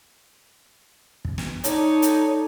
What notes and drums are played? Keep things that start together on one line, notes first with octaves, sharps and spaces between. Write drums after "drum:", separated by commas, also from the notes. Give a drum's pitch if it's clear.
drum: kick
drum: snare
D#4 A4 C#5 D5, drum: hi-hat
drum: hi-hat